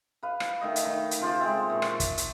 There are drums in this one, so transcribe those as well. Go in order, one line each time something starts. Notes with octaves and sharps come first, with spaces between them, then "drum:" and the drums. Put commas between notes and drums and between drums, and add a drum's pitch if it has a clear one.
B4 F5
drum: rim click
D#3 A3 D#5
drum: hi-hat
D#3 A3
drum: hi-hat
C#3 F4 C5 D5
G#3 A3 C4 E5
A#2 A5 C#6
drum: rim click
drum: kick, hi-hat
drum: hi-hat